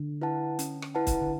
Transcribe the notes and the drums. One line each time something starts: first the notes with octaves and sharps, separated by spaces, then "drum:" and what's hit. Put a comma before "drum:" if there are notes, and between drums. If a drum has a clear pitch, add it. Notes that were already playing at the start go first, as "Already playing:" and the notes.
Already playing: D3
E4 B4 F#5 A5
C#4, drum: hi-hat
drum: rim click
E4 B4 F#5 A5
drum: kick, hi-hat
D3